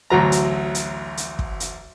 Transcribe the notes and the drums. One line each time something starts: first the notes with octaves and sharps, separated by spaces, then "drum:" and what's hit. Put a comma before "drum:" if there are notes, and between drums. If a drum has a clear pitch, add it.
A1 D2 F#3 A#5
drum: hi-hat
drum: hi-hat
drum: hi-hat
drum: kick
drum: hi-hat